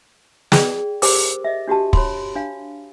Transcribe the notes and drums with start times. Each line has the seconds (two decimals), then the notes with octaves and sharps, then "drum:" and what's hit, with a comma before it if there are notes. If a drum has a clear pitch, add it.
0.52 G#4 D5 G5, drum: snare
1.02 G4 A#4 C5 D6 E6, drum: open hi-hat
1.44 D#5 E5
1.68 D4 F#4 G4 A5
1.93 C#5 B5 C6, drum: kick
2.36 D4 F5